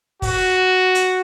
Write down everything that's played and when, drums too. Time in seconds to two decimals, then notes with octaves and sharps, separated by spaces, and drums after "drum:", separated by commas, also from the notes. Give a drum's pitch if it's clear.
0.22 F#4, drum: kick, open hi-hat
0.95 drum: hi-hat